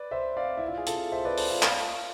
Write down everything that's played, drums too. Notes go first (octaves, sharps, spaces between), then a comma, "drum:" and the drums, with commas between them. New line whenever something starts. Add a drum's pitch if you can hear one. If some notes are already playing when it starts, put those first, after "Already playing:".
Already playing: B4 D5
C5 E5
D5 F5
E4
F4
G#4
F4 A4, drum: hi-hat
C5 E5
B4 D5
A4 C5, drum: open hi-hat
F4 A4
F4, drum: clap